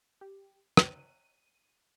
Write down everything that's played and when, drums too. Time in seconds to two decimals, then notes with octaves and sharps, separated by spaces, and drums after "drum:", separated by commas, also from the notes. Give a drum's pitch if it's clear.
0.21 G4
0.77 D#7, drum: rim click